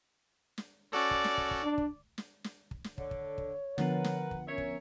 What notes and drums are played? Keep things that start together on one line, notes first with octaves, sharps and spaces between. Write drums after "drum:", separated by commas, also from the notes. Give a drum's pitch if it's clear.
drum: snare
C#4 F#4 A4 D5
drum: kick
drum: snare
drum: kick
drum: kick
D4
drum: kick
drum: snare
drum: snare
drum: kick
drum: snare
D3 C#5, drum: kick
drum: kick
drum: kick
D3 F3 B3 A#4 B4 F#5, drum: snare
drum: snare
drum: kick
C#4 A#4 C#5 E5
drum: kick